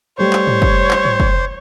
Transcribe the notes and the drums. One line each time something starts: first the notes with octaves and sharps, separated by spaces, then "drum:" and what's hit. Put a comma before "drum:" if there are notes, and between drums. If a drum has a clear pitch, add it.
G3 A3 C5 C#5
drum: clap
drum: tom G#2
drum: kick
drum: clap
drum: tom G#2
drum: kick